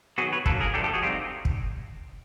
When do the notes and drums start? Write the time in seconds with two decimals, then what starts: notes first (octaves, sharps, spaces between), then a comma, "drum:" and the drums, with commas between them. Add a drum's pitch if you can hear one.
0.18 D#3 F#3 B3 F#4 G#4
0.33 B4 C#5
0.46 D3 F#3 A#3 A4 B4, drum: kick
0.60 G#4 A#4
0.74 F3 A3 D4 G4 A4
0.84 G4 A4
0.93 F#4 G#4
1.02 G3 C4 D#4 F4 G4
1.45 drum: kick